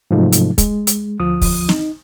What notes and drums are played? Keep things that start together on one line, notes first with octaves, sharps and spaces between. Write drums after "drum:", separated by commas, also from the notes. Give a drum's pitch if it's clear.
G#2 C3 F3 F#3 A3 D#4
drum: hi-hat
G#3, drum: kick, hi-hat
drum: hi-hat
D2 F3 D#6
drum: kick, open hi-hat
D#4, drum: snare